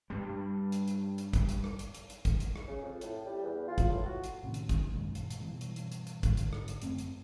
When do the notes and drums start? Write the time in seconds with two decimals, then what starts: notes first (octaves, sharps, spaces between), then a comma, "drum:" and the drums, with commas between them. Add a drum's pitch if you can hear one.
0.10 G2 G3
0.72 drum: hi-hat
0.88 drum: hi-hat
1.18 drum: hi-hat
1.33 drum: kick, hi-hat
1.49 drum: hi-hat
1.64 drum: rim click
1.79 drum: hi-hat
1.95 drum: hi-hat
2.10 drum: hi-hat
2.25 drum: kick, hi-hat
2.40 drum: hi-hat
2.56 drum: rim click
2.67 C#3
2.82 F2
3.01 A2, drum: hi-hat
3.25 G3
3.42 E2
3.67 F4
3.78 drum: kick, hi-hat
3.88 A2
4.05 F#4
4.24 drum: hi-hat
4.43 A1 A2 C3 D#3
4.54 drum: hi-hat
4.69 drum: kick, hi-hat
4.93 F#2 A#2 D#3 G#3
5.15 drum: hi-hat
5.30 drum: hi-hat
5.40 G2 B2 E3
5.61 drum: hi-hat
5.76 drum: hi-hat
5.92 drum: hi-hat
6.07 drum: hi-hat
6.23 G#2 D3, drum: kick, hi-hat
6.37 drum: hi-hat
6.53 drum: rim click
6.68 drum: hi-hat
6.82 F#2 A3 C4, drum: hi-hat
6.98 drum: hi-hat